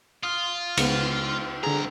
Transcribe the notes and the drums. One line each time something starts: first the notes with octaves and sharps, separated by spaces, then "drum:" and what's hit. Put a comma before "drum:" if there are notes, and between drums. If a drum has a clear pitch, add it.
F4 D#6 F6
C#2 G#3 B3, drum: cymbal
C2 D3 G#4 A#5